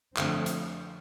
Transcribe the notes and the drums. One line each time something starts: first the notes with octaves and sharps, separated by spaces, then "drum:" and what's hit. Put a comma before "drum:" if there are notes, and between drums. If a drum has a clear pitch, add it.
F2 D3 F3 A3 C4, drum: clap
drum: hi-hat